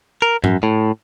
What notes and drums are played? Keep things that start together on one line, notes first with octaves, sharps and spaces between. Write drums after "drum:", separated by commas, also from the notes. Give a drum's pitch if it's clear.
A#4
F#2, drum: tom G#2
A2